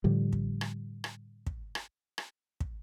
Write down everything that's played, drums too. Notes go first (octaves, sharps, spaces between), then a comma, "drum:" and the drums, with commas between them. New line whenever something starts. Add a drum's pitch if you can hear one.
A2 D3 F3 G3
drum: kick
drum: rim click
drum: rim click
drum: kick
drum: rim click
drum: rim click
drum: kick